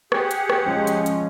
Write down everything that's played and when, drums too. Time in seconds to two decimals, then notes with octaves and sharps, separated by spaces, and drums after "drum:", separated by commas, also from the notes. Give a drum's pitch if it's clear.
0.12 G4 G#4 F#5, drum: rim click
0.31 drum: hi-hat
0.50 drum: rim click
0.63 F3 G#3 C#4
0.87 drum: hi-hat
1.06 drum: hi-hat